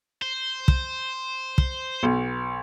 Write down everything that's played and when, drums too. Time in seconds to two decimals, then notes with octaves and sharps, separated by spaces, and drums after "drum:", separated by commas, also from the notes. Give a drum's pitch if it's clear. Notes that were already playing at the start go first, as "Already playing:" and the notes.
0.22 C5
0.68 drum: kick
1.58 drum: kick
2.03 B1